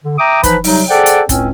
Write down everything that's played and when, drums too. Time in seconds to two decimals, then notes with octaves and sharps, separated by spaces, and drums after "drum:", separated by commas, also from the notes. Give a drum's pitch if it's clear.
0.04 D3
0.18 E5 G5 A#5 D6 D#6
0.43 E3 F3 D#4 B4 B5, drum: kick, hi-hat
0.64 C3 F#3 G3 D#4, drum: open hi-hat
0.89 G#4 A4 C5 D5 F#5 G5
1.06 drum: hi-hat
1.29 C#2 A2 G#3 C4 C#4, drum: kick, hi-hat